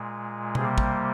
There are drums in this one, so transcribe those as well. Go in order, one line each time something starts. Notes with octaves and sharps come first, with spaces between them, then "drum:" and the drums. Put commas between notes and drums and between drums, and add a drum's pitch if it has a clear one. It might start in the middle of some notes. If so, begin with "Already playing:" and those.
Already playing: A#2 G#3
C3 G3 A#3 G#4, drum: tom B2
drum: kick